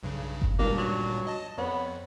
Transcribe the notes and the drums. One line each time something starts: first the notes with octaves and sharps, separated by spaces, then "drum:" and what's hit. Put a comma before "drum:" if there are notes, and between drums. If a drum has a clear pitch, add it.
B1 G2 C#3
drum: kick G1
C#2 G2 A#2 D#3 A#3 D4
F#3
D#5 A5
F2 B3 C5 C#5